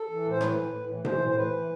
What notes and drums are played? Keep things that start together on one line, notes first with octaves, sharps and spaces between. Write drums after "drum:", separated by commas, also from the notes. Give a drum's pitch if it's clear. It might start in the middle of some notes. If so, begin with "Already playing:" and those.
Already playing: A4
E3
A2
C5
E3 B4, drum: rim click
A2
A2
E3
E3 C5, drum: tom B2
A2
C5
E3 B4
E3